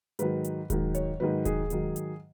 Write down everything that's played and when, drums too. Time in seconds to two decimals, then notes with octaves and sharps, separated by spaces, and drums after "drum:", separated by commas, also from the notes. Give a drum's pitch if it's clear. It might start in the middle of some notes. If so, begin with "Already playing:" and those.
0.19 G#2 D#3 F#3 B4, drum: hi-hat
0.44 drum: hi-hat
0.70 G#2 D#3 F#3, drum: kick D#1, hi-hat
0.95 C#5, drum: hi-hat
1.20 G#2 D#3 F#3 B4
1.45 G#4, drum: kick D#1, hi-hat
1.70 G#2 D#3 F#3, drum: hi-hat
1.96 drum: hi-hat